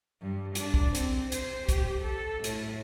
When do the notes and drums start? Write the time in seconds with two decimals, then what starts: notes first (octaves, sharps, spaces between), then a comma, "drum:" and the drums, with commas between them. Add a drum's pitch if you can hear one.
0.22 G2
0.55 D4, drum: hi-hat
0.74 drum: kick
0.95 C4, drum: hi-hat
1.32 C5, drum: hi-hat
1.69 G4, drum: kick, hi-hat
2.01 A4
2.44 A2, drum: hi-hat